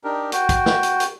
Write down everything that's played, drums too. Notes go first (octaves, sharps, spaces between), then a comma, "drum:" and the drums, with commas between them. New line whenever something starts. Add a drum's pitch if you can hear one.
D4 D#4 G4 A#4
F#4 G5, drum: hi-hat
drum: kick A1, hi-hat
drum: snare
drum: hi-hat
drum: hi-hat